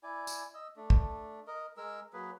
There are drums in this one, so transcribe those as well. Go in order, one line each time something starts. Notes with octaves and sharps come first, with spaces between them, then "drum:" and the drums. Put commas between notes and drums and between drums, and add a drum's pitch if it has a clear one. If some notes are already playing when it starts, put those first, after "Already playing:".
E4 D5 G#5
drum: tambourine
D#5 E6
A3 D4
drum: kick
A#4 D#5
G#3 A#4 E6
F#3 A#3 G#4 B4